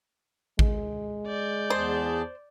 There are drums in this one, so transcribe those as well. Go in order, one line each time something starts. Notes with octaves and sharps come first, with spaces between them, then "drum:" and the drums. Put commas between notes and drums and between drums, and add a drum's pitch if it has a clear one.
G#3, drum: kick A1
D5 G6
E2 G#4 C5 A5